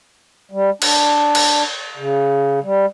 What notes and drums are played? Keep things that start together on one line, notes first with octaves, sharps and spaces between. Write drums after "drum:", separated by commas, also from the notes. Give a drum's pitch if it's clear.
G3
D4, drum: cymbal
drum: cymbal
C#3
G3